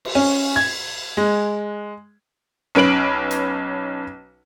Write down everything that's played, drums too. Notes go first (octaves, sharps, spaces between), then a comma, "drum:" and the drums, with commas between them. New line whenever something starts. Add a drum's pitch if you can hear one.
drum: cymbal
C#4
G#6
G#3
B1 C#4 B4 D7 F#7
drum: hi-hat